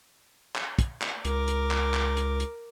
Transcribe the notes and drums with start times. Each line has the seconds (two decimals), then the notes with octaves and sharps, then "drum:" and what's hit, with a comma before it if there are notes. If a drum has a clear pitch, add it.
0.55 drum: clap
0.79 drum: kick, hi-hat
1.02 drum: clap
1.25 C#2 A#4 D6, drum: hi-hat
1.48 drum: hi-hat
1.71 drum: clap
1.94 drum: clap
2.17 drum: hi-hat
2.40 drum: hi-hat